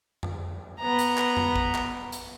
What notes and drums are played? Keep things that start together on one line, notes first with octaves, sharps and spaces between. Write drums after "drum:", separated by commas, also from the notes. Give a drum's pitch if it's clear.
drum: tom F2
B3 A#5
drum: hi-hat
drum: clap
drum: tom F2
drum: kick A1
drum: clap
drum: hi-hat